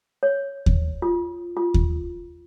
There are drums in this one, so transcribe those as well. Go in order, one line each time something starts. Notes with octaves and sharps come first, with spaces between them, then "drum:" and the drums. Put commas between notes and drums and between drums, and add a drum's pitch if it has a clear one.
C#5
drum: kick D#2
F4
F4
drum: kick D#2